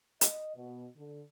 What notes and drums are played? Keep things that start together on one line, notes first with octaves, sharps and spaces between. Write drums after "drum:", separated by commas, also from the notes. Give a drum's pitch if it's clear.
D#5, drum: hi-hat
B2
D3